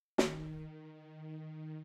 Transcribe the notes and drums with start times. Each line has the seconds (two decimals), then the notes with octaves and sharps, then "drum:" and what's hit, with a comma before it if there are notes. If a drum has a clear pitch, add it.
0.18 D#3, drum: snare
0.92 D#3